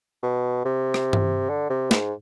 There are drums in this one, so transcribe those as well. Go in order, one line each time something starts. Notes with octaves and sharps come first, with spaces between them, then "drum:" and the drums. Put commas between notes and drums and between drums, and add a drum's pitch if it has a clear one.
B2
C3
drum: rim click
drum: tom G2
D3
C3
G#2, drum: snare